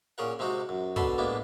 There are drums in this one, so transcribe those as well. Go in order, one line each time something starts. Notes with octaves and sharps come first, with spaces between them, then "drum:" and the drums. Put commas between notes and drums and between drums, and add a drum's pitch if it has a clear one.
A#2 C#4 G#4 A#4 F#5
C3 G#3 C4 D#4 F#4
F#2
B2 D3 A4 B5 C6, drum: kick
A2 G#3 A#3 B3 D4